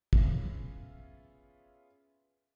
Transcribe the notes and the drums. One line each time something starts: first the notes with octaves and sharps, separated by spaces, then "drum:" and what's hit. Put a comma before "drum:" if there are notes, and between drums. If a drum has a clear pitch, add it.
B3 C#4 F4 G#4 E5, drum: kick